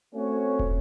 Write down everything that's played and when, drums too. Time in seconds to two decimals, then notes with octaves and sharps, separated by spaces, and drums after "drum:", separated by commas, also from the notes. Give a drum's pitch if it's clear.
0.14 A3 C4 C#4 F#4 C#5
0.59 drum: kick